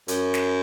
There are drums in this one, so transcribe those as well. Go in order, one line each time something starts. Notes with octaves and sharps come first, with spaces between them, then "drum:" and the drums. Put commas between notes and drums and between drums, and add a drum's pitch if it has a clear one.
F#2, drum: hi-hat
drum: snare